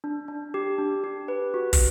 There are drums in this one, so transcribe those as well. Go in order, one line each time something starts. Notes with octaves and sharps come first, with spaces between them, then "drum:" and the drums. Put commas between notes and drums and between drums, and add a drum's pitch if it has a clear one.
D4
D4
G4
D4
G4
B4
F#4
drum: kick, open hi-hat